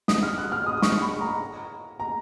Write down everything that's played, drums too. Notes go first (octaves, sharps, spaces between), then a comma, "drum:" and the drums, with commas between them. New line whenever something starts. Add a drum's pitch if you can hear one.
D#6, drum: snare
F6
F#6
F6
D#6
D#6
C#6, drum: snare
B5
A#5
A#5